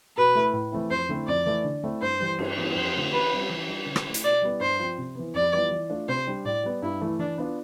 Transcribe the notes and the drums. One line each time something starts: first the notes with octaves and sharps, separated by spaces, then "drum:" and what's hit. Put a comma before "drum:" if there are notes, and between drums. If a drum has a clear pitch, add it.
B2 B4
A3 E4
A2
E3 A3 C4 E4
F2 C5
D3 A3 C4 E4
F2 D5
E3 A3 E4
D3
A3 C4 E4
G2 C5
E3 G3
G2, drum: cymbal
E3 G3 B3 E4
F2 C5
D3 A3 C4 F4
E3 B4
G3 C4 F4
E3
G3 D4 F4
D3
drum: rim click
A3 E4
drum: hi-hat
B2 D5
G3 B3 E4
G2 C5
F3 C4
C3
E3 B3
F2 D5
E3 G3 B3 F4
E3
A3 D4 F4
C3 C5
G3 D4
A2 D5
G3 B3
G2 E4
E3 A3 E4
E3 D4
B3 D4 F4